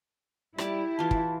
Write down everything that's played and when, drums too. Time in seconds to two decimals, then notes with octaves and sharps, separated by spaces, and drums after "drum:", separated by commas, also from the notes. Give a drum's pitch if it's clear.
0.58 G3 E4 G4 D5 A5, drum: rim click
0.99 E3 F4 A5
1.11 drum: kick